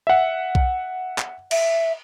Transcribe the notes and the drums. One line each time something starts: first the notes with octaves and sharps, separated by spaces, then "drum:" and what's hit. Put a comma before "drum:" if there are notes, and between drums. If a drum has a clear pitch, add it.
E5 F#5
drum: kick B1
drum: clap
E5, drum: cymbal